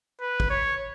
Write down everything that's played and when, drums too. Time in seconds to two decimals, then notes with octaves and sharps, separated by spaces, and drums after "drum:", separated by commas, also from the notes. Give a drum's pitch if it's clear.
0.21 B4
0.40 drum: kick
0.50 C#5